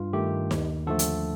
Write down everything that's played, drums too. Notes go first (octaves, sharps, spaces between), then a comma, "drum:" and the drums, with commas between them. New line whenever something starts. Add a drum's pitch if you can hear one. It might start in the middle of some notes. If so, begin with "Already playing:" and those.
Already playing: G2 F4
D#3 A3 G4
D#2, drum: snare D#4
D3 F3 A3 A4
drum: hi-hat